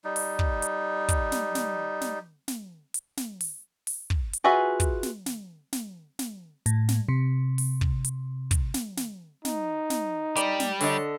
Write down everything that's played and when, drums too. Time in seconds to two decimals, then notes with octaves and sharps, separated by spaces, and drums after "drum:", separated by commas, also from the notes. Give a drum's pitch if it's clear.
0.04 G3 D#4
0.16 drum: open hi-hat
0.39 drum: kick
0.62 drum: hi-hat
1.09 drum: kick, hi-hat
1.32 drum: snare
1.55 drum: snare
2.01 drum: snare
2.48 drum: snare
2.94 drum: hi-hat
3.17 drum: snare
3.41 drum: open hi-hat
3.87 drum: open hi-hat
4.10 drum: kick
4.33 drum: hi-hat
4.44 F4 F#4 G#4 B4 E5
4.80 drum: kick, hi-hat
5.03 drum: snare
5.26 drum: snare
5.73 drum: snare
6.19 drum: snare
6.66 A2, drum: hi-hat
6.88 drum: snare
7.09 C3
7.58 drum: open hi-hat
7.81 drum: kick
8.04 drum: hi-hat
8.51 drum: kick, hi-hat
8.74 drum: snare
8.97 drum: snare
9.45 D#4, drum: snare
9.90 drum: snare
10.36 G3 D5, drum: hi-hat
10.60 drum: snare
10.81 D3 C#5 D#5, drum: open hi-hat